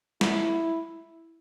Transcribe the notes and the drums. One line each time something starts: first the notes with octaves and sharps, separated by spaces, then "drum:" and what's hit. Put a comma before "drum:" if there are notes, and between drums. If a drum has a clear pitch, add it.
E4, drum: snare